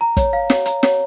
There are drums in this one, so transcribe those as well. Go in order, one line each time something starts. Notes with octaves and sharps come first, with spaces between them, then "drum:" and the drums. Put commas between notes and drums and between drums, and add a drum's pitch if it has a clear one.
A#5
C#5, drum: kick, hi-hat
F5
C#5, drum: snare
A#5, drum: hi-hat
C#5, drum: snare